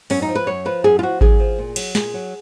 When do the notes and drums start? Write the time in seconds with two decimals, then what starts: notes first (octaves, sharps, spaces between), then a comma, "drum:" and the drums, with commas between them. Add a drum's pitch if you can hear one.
0.10 F#2 C#4, drum: open hi-hat
0.22 D#4
0.29 F3
0.35 B4
0.47 F#2 C#5
0.65 F3 B4
0.84 F#2 G#4
0.99 F4
1.03 F3 F#4
1.21 F#2 G#4, drum: kick G#1
1.40 F3
1.59 A#2
1.76 F#3, drum: cymbal
1.95 A#2 G#4, drum: snare
2.14 F#3